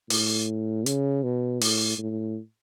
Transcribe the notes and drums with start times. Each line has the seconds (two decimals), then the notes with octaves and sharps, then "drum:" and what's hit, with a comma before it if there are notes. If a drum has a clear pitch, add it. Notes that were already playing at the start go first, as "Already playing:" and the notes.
0.10 A2, drum: open hi-hat
0.86 C#3, drum: hi-hat
1.24 B2
1.61 A2, drum: open hi-hat
1.98 A2